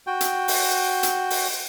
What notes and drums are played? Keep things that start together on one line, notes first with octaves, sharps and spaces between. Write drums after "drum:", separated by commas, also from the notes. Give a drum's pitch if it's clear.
F#4 G5
drum: hi-hat
drum: open hi-hat
drum: hi-hat
drum: open hi-hat